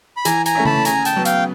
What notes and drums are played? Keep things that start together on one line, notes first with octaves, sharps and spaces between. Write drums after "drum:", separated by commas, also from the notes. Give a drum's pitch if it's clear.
B5
E3 G#5 A#5, drum: hi-hat
G#5 A#5, drum: hi-hat
A3 C#4 E4
A5 B5, drum: tom C#3
C#3 G#5 A#5, drum: hi-hat
G5 A5, drum: hi-hat
F#3 B3
F5 G5, drum: hi-hat